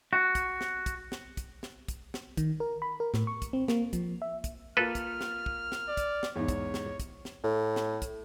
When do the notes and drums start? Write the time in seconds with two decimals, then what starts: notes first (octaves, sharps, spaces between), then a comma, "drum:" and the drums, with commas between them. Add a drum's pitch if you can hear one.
0.13 F#4
0.35 drum: kick, hi-hat
0.61 drum: snare
0.86 drum: kick, hi-hat
1.12 drum: snare
1.37 drum: kick, hi-hat
1.63 drum: snare
1.88 drum: kick, hi-hat
2.14 drum: snare
2.37 D#3, drum: kick, hi-hat
2.60 A#4
2.82 B5
3.00 A#4
3.14 A2, drum: snare
3.27 C#6
3.42 drum: kick, hi-hat
3.53 C4
3.68 A#3, drum: snare
3.93 F3, drum: kick, hi-hat
4.22 E5
4.44 drum: kick, hi-hat
4.77 A#3 F4 A4 B4 F6
4.95 drum: kick, hi-hat
5.21 drum: snare
5.46 drum: kick
5.72 drum: snare
5.88 D5
5.97 drum: kick, hi-hat
6.23 drum: snare
6.36 E2 G#2 C#5
6.48 drum: kick, hi-hat
6.74 drum: snare
7.00 drum: kick, hi-hat
7.25 drum: snare
7.44 A2
7.76 drum: snare
8.02 drum: kick, hi-hat